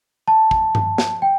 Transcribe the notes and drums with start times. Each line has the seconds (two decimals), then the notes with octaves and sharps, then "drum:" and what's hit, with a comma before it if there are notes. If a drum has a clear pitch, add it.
0.28 A5
0.51 drum: kick
0.75 drum: tom G2
0.98 drum: snare
1.22 G5